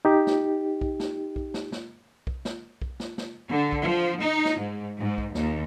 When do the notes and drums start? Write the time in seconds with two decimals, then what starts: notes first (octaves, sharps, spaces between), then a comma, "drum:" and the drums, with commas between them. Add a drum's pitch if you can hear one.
0.05 D#4 G4
0.27 drum: snare
0.81 drum: kick B1
1.00 drum: snare
1.36 drum: kick B1
1.54 drum: snare
1.72 drum: snare
2.27 drum: kick B1
2.45 drum: snare
2.82 drum: kick B1
3.00 drum: snare
3.18 drum: snare
3.49 D3
3.72 drum: kick B1
3.84 F3
4.21 D#4
4.45 drum: snare
4.59 G#2
5.00 G#2
5.18 drum: kick B1
5.35 D#2, drum: snare